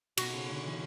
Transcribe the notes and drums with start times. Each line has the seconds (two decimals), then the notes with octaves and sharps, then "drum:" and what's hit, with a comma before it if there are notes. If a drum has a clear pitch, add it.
0.17 B2 F#4, drum: cymbal
0.33 C#3
0.50 D3
0.67 E3